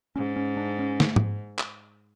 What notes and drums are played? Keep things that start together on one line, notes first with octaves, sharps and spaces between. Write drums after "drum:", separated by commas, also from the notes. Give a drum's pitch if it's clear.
G#2 C#4
C#4
D4
C#4
A3, drum: snare
drum: tom G#2
drum: clap